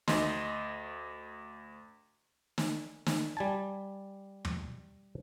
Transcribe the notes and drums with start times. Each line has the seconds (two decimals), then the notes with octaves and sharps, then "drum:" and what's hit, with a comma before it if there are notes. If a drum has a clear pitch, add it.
0.08 D2 D#5 C6, drum: snare
2.58 drum: snare
3.06 drum: snare
3.37 G3 G#5 A5
4.45 drum: tom